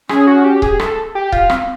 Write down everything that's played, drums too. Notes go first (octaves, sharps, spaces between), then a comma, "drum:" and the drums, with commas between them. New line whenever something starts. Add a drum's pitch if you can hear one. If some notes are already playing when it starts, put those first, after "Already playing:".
C#4 G#4, drum: rim click
F#4
G4
G#4, drum: kick C#1
A4, drum: rim click
G4
F4, drum: kick C#1
C4, drum: rim click